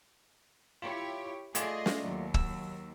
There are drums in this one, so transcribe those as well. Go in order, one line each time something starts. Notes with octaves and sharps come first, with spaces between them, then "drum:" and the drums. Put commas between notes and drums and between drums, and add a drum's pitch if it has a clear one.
E4 F4 G4 C#5
A3 F4 G#4 D5 D#5, drum: hi-hat
drum: snare
D#2 F#3
E6, drum: kick